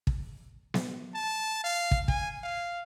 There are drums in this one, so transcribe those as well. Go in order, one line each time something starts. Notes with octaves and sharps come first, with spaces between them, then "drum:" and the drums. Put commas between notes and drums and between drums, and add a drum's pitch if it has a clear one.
drum: kick
drum: snare B3
A5
F5
drum: kick
G#5, drum: kick
F5